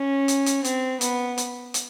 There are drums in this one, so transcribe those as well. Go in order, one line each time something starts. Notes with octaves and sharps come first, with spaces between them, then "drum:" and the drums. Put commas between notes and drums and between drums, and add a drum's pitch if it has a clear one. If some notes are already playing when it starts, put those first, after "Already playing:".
Already playing: C#4
drum: hi-hat
drum: hi-hat
C4, drum: hi-hat
B3, drum: hi-hat
drum: hi-hat
drum: hi-hat